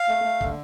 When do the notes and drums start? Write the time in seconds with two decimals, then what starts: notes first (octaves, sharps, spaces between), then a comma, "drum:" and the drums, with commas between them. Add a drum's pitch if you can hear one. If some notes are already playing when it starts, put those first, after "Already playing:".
Already playing: F5
0.08 A3
0.25 A3
0.41 D3, drum: kick